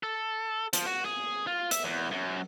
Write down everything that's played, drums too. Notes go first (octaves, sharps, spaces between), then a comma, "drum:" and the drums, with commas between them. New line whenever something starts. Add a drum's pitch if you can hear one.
A4
F3, drum: hi-hat
F#4
G#4
F4
E5, drum: hi-hat
E2
F#2